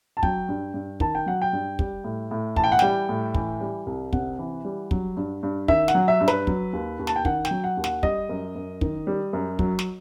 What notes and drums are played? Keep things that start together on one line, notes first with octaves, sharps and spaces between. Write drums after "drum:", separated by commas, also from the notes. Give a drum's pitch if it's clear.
A5
F#3 G5, drum: kick
G2
G2
D#3 A5, drum: kick
G5
F#3 F#5
G5
G2
G3, drum: kick
A2
A2
E3 A5, drum: kick
G5
F#5
G3 G5, drum: snare
A2
E3, drum: kick
G3
C2
C3 F#5, drum: kick
E3
G3
F#3, drum: kick
G2
G2
D#3 E5, drum: kick
F#5, drum: snare
F#3
E5
G2
B4, drum: snare
F#3, drum: kick
D#2
D#2
A5, drum: snare
G5
D#3 F#5, drum: kick
G5, drum: snare
F#3
F#5
D#2
F#5, drum: snare
G3 D#5, drum: kick
F#2
F#2
D#3, drum: kick
G3
F#2
F#3, drum: kick
drum: snare